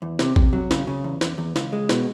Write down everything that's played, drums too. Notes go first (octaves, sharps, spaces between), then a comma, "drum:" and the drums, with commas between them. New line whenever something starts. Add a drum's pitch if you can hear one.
E2
C3, drum: snare
C3, drum: kick A1
F#3
C#3, drum: snare
C#3
E2
E2, drum: snare
E2
C#2, drum: snare
G#3
B2, drum: snare